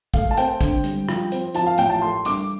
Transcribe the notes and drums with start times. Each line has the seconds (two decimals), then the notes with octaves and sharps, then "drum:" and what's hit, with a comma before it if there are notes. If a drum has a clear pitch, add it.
0.14 A3 F5, drum: kick
0.31 A5
0.37 C4 G5, drum: hi-hat
0.61 D3, drum: kick, hi-hat
0.84 G3, drum: hi-hat
1.09 F3, drum: rim click
1.32 C4, drum: hi-hat
1.54 F3 A5, drum: hi-hat
1.67 F5
1.78 A1 G5, drum: hi-hat
1.90 A5
2.02 A3 C6
2.25 G2 D6, drum: hi-hat